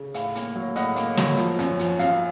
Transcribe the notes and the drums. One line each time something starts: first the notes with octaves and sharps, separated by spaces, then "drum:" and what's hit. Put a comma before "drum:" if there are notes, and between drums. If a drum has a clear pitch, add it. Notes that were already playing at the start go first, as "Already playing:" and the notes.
Already playing: C#3
A2 F5, drum: hi-hat
A#3, drum: hi-hat
F#3
A2 D#5 F#5, drum: hi-hat
A#3, drum: hi-hat
F#3, drum: snare
F3, drum: hi-hat
F#2, drum: hi-hat
F3, drum: hi-hat
F#2 F5, drum: hi-hat